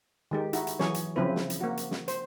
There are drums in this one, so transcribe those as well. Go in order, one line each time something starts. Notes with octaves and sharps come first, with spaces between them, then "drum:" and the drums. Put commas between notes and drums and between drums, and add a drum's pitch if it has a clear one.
D#3 G#3 G4
D#4 E4 F#4, drum: hi-hat
drum: hi-hat
E3 F#3 G#4 C#5, drum: snare
drum: hi-hat
C#3 F3 F#3 C4 E4 B4
drum: snare
drum: hi-hat
A#3 F#4
drum: hi-hat
drum: snare
C5, drum: hi-hat